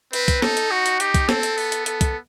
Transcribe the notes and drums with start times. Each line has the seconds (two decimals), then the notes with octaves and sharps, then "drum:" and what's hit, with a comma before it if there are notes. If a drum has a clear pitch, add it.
0.13 C4 B4, drum: hi-hat
0.28 drum: kick, hi-hat
0.42 D#4 A4, drum: snare
0.57 drum: hi-hat
0.71 F#4
0.86 drum: hi-hat
1.00 D#4 G4, drum: hi-hat
1.14 drum: kick, hi-hat
1.29 C4 A4, drum: snare
1.43 drum: hi-hat
1.58 B3, drum: open hi-hat
1.72 drum: hi-hat
1.86 A4, drum: hi-hat
2.01 drum: kick, hi-hat